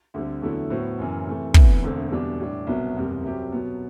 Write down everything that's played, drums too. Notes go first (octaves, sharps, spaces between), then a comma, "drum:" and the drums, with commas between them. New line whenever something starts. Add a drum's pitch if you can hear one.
D2 D3 G3 C4
E2 D3 F#3 A3 E4
A2 F#3 B3 F#4 C5
F#1 F#2 E3
C3 E3 A3
D2 C3 E3 B3, drum: kick
E1 D2 D3 A3 C4
E2 B2 G3 D4
A2 G3 D4
C2 B2 F#3 B3
F#1 E2 C3 G3
C2 C3 F#3 C4 G4
B2 F#3 B3